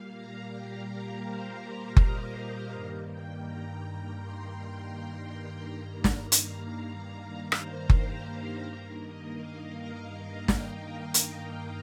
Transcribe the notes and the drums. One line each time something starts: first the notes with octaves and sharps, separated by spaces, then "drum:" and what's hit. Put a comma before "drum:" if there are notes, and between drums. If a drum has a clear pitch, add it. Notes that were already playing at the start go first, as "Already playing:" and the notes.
Already playing: A#2 G3 A#3 F5
A#5
G4
A#4
C5
C5
D#5, drum: kick F#1
F5
G2 D#3 G3 A#3
G5
A#5
C6
A#5
G2 D#3 G3 A#3 A#5
A#5, drum: snare
drum: hi-hat
F5
F5
C5, drum: rim click
G4, drum: kick F#1
G4
G2 D#3 A#3 A#4
D#5
F5
A#5
A#5
G5, drum: snare
G5
drum: hi-hat